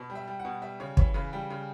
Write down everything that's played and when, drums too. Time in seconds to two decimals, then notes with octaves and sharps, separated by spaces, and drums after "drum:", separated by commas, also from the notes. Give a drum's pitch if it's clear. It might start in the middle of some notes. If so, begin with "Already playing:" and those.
Already playing: B2
0.10 G3
0.15 E5
0.28 G3
0.40 F#5
0.45 B2
0.62 G3 E5
0.80 C#3 C#5
0.97 E3 C#5, drum: kick
1.14 C#3 B4
1.33 G3 G5
1.50 C#3